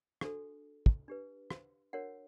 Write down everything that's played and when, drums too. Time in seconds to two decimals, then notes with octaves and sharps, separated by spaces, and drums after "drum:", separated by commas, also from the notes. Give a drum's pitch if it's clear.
0.21 D4 F#4 A4, drum: rim click
0.86 drum: kick
1.08 D4 G4 B4
1.51 drum: rim click
1.93 D4 F#4 A#4 C#5 F#5